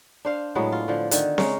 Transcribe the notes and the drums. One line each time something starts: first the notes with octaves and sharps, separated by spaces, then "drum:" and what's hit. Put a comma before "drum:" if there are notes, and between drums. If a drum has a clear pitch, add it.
D4 C5 F5
A2 F#3 G#3 B3
F4
D3 F3
D3 D#3, drum: hi-hat
C#3 G#3 A#4 C#5, drum: snare